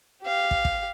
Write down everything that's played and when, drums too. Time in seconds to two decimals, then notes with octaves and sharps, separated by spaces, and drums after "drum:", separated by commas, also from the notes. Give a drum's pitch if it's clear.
0.23 G4 F5
0.51 drum: kick
0.65 drum: kick